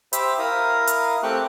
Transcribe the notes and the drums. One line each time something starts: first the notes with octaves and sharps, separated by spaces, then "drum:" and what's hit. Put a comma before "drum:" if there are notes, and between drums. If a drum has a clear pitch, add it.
G4 C5 E5 B5, drum: hi-hat
E4 A#4 F5 A#5 D#6
drum: hi-hat
A3 C4 G4 G5 C#6 F#6